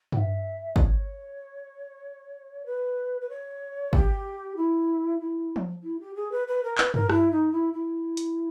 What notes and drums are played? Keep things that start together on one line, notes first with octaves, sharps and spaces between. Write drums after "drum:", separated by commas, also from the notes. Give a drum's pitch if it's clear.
G5, drum: tom G2
E5
D#5, drum: kick
C#5
B4
B4
C#5
G4, drum: kick
E4
E4
drum: tom F3
E4
G4
G#4
B4
B4
A#4
B4, drum: clap
A#4, drum: tom G2
E4, drum: rim click
D#4
E4
E4
drum: hi-hat